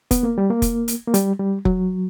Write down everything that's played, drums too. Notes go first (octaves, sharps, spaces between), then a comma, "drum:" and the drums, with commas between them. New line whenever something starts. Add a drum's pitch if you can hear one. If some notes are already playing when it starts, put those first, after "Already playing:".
B3, drum: kick F1, hi-hat
A#3
G3
A#3
drum: kick F1, hi-hat
drum: hi-hat
A#3
G3, drum: hi-hat
G3
F#3, drum: kick F1